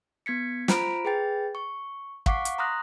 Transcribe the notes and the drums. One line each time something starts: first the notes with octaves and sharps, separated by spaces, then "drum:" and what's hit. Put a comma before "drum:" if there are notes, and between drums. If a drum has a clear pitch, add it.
B3 G#6 B6 C#7
F4 C5 A#5 B5 F6 D7, drum: snare
G#4 B4 G5 A6
C#6
F5 F#5 C#6 D6 B6 C7, drum: kick
drum: hi-hat
A#5 C6 D#6 F6 F#6 A#6